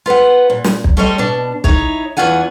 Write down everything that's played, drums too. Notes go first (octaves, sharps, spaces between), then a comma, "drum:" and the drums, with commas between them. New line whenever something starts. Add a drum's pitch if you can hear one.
F4 B4 C5 F#5
A#2
drum: snare
drum: kick
G3 A3 C#4 C5 C#5 D#5
B2 D4
D#4 E4 C#5, drum: kick
E2 E3 C#4 F4 F#5 G#5